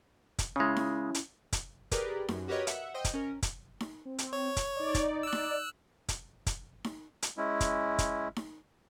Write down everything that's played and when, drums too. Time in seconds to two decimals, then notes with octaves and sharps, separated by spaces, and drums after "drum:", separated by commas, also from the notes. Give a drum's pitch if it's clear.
0.38 drum: kick, hi-hat
0.56 C#3 G#3 C#4 E4
0.76 drum: snare D#4
1.14 drum: hi-hat
1.52 drum: kick, hi-hat
1.91 G4 G#4 A#4 B4 D5, drum: kick, hi-hat
2.28 F#2, drum: snare D#4
2.48 F#4 G4 A#4 B4 C#5 D#5
2.67 E5 F#5, drum: hi-hat
2.94 C5 D#5 G5
3.04 drum: kick, hi-hat
3.14 C#4 A#4
3.42 drum: kick, hi-hat
3.80 drum: snare D#4
4.05 C4
4.18 drum: hi-hat
4.33 C#5
4.56 drum: kick, hi-hat
4.76 D#4 D5
4.94 drum: kick, hi-hat
5.23 E6 F#6
5.32 drum: snare D#4
6.08 drum: kick, hi-hat
6.46 drum: kick, hi-hat
6.84 drum: snare D#4
7.22 drum: hi-hat
7.37 G#3 C#4 E4
7.60 drum: kick, hi-hat
7.98 drum: kick, hi-hat
8.36 drum: snare D#4